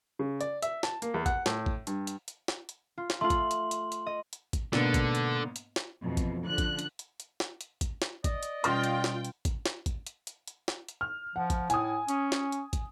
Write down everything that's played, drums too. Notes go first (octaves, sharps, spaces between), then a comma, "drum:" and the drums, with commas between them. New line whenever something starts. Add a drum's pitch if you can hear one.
C#3
D5, drum: hi-hat
E5, drum: hi-hat
A5, drum: snare
A#3, drum: hi-hat
E2
F#5, drum: kick, hi-hat
A2, drum: snare
drum: kick
G2, drum: hi-hat
drum: hi-hat
drum: hi-hat
drum: snare
drum: hi-hat
F4
drum: snare
A3 F4 C6 F#7
drum: kick, hi-hat
drum: hi-hat
drum: hi-hat
drum: hi-hat
D#5
drum: hi-hat
drum: kick, hi-hat
G#2 B2 D3 A#3 B3 D4 A6, drum: snare
drum: kick, hi-hat
drum: hi-hat
drum: hi-hat
drum: snare
F2 B2 E3
drum: kick, hi-hat
D3 F3 F#6
drum: kick, hi-hat
drum: hi-hat
drum: hi-hat
drum: hi-hat
drum: snare
drum: hi-hat
drum: kick, hi-hat
drum: snare
D5 D#5, drum: kick, hi-hat
drum: hi-hat
B2 G3 C#4 F4 G5 C6 F6 A6, drum: hi-hat
drum: hi-hat
drum: snare
drum: hi-hat
drum: kick, hi-hat
drum: snare
drum: kick, hi-hat
drum: hi-hat
drum: hi-hat
drum: hi-hat
drum: snare
drum: hi-hat
F6
F3 F#5
drum: kick, hi-hat
A2 G#5 D#6, drum: hi-hat
C#4, drum: hi-hat
drum: snare
drum: hi-hat
drum: kick, hi-hat